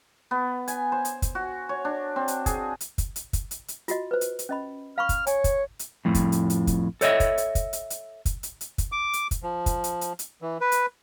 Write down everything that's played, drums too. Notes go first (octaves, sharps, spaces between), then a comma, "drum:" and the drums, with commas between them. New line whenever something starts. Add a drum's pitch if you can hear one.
B3
G#5, drum: hi-hat
C5
drum: hi-hat
drum: kick, hi-hat
F#4
C#5
D4
C4
drum: hi-hat
G#4, drum: kick, hi-hat
drum: hi-hat
drum: kick, hi-hat
drum: hi-hat
drum: kick, hi-hat
drum: hi-hat
drum: hi-hat
F4 F#4 D#5, drum: hi-hat
B4 C5
drum: hi-hat
drum: hi-hat
C#4 D#5 B5
F5 B5 C#6 F6
drum: kick, hi-hat
C#5 G#5, drum: hi-hat
drum: kick, hi-hat
drum: hi-hat
F2 A2
drum: kick, hi-hat
drum: hi-hat
drum: hi-hat
drum: kick, hi-hat
A4 C#5 D#5 E5, drum: hi-hat
drum: kick, hi-hat
drum: hi-hat
drum: kick, hi-hat
drum: hi-hat
drum: hi-hat
drum: kick, hi-hat
drum: hi-hat
drum: hi-hat
drum: kick, hi-hat
D6
drum: hi-hat
drum: kick, hi-hat
F3
drum: kick, hi-hat
drum: hi-hat
drum: hi-hat
drum: hi-hat
E3
B4
drum: hi-hat